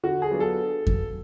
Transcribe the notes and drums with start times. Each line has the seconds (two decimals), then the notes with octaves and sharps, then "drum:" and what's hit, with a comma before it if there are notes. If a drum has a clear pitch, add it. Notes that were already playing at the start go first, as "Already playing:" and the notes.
0.03 D3 F#4
0.22 G#4
0.31 F#3 B3 D4 F4
0.40 A4
0.87 drum: kick F2